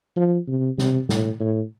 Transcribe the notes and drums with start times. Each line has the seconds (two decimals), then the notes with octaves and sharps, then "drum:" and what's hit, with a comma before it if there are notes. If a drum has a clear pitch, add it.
0.17 F3
0.48 C3
0.78 C3, drum: snare
1.09 A2, drum: snare
1.40 A2